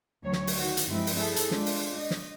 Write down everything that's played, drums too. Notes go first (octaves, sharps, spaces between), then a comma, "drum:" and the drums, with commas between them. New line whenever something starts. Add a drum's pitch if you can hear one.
D2 F#3 C#5
drum: snare
drum: open hi-hat
D#3 F#4
drum: hi-hat
G2 F3 G#3 C4 E4
drum: open hi-hat
E4 G#4 A4
drum: hi-hat
G#3 D4 F4, drum: snare
drum: open hi-hat
D#5
drum: snare